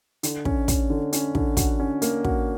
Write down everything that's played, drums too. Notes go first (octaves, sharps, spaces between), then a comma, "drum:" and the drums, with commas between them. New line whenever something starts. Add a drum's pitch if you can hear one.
D3, drum: hi-hat
C#4, drum: kick
C#4, drum: kick, hi-hat
D3
C#4, drum: hi-hat
D3, drum: kick
F#4, drum: kick, hi-hat
C#4
A#3, drum: hi-hat
F#4, drum: kick